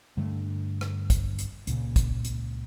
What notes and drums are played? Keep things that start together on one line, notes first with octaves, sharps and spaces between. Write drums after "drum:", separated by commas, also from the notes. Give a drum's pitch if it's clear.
G2 D3 A3
drum: rim click
drum: kick, hi-hat
drum: hi-hat
C#2 A#2 C#3, drum: hi-hat
drum: kick, hi-hat
drum: hi-hat